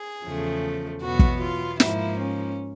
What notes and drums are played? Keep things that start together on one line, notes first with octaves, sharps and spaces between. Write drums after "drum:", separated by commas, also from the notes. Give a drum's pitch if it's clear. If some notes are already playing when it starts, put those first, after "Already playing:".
Already playing: G#4
E2 C#3 F3 A3
E2 B2 F#3 B3 F#4
drum: kick
F4
G#2 F3 A#3 E4, drum: snare
C#4